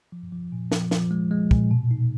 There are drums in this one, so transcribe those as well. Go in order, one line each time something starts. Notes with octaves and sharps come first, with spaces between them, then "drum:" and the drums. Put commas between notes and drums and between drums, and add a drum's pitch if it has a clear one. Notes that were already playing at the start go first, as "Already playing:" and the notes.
F3
F3
A#2
F3, drum: snare
F3, drum: snare
G#3
G#3
A#2, drum: kick
B2
D#4